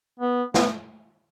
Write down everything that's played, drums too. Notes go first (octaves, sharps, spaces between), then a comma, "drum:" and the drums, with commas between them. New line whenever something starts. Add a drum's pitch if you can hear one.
B3
B3, drum: snare